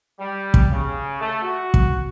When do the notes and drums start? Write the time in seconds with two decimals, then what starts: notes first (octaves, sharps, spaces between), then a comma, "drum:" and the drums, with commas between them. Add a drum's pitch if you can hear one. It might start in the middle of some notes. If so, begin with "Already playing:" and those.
0.19 G3
0.54 drum: kick
0.71 C#3
1.20 A3
1.42 F#4
1.74 drum: kick